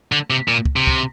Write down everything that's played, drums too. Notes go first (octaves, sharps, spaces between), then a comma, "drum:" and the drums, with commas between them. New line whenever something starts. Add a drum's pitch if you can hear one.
D3
C3
A#2
drum: kick
C3
drum: kick